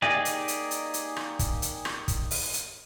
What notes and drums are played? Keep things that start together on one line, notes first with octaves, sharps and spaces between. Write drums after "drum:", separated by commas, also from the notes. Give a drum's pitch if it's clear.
A#3 D#4 G4 G#4 D5
drum: hi-hat
drum: hi-hat
drum: hi-hat
drum: hi-hat
drum: rim click
drum: kick, hi-hat
drum: hi-hat
drum: rim click
drum: kick, hi-hat
drum: open hi-hat
drum: hi-hat